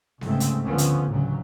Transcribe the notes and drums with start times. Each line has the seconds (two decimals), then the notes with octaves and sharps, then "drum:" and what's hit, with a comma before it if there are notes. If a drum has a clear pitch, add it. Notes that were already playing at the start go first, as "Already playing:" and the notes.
0.21 G1 G#2 C#3 A3 C4, drum: snare B3
0.40 drum: hi-hat
0.64 D2 D3 F3 B3 C#4
0.78 drum: hi-hat
1.08 A1 D2 A2 C#3 F#3